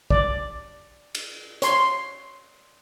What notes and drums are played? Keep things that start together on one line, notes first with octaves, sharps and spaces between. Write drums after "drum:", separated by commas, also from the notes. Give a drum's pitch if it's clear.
D5, drum: kick
drum: cymbal
C#5 C6, drum: hi-hat